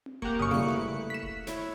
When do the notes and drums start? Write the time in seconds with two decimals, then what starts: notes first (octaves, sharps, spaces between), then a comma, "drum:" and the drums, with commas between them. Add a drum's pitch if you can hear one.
0.06 drum: tom C4
0.22 A#3 G4 A#4 F#5 C#6, drum: kick E1
0.39 F#2 C#3 C#6 D#6
0.51 C#3 G3 A#3 E4 F#6 C#7
0.68 A3 B4
1.10 B6 E7
1.23 drum: kick E1
1.47 E4 C#5, drum: snare